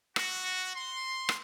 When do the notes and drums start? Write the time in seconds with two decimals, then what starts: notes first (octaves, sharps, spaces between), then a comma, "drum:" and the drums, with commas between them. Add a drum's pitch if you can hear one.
0.16 F#4, drum: rim click
0.75 C6
1.29 drum: rim click